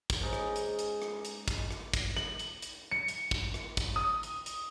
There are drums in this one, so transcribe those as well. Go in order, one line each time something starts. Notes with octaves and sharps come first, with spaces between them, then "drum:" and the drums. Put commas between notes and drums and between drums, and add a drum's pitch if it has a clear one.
drum: kick, hi-hat
G#2 C#4 D#4 C#6
drum: rim click
drum: hi-hat
drum: hi-hat
drum: rim click
drum: hi-hat
drum: kick, hi-hat
drum: rim click
drum: kick, hi-hat
F#7, drum: rim click
drum: hi-hat
drum: hi-hat
C#7
drum: hi-hat
drum: kick
drum: rim click
drum: kick, hi-hat
D#6
drum: hi-hat
drum: hi-hat